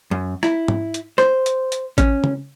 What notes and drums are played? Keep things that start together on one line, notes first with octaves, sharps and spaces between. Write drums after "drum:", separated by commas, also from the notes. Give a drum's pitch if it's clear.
F#2
E4, drum: rim click
drum: tom
drum: hi-hat
C5, drum: rim click
drum: hi-hat
drum: hi-hat
C#4, drum: kick A1, hi-hat
drum: tom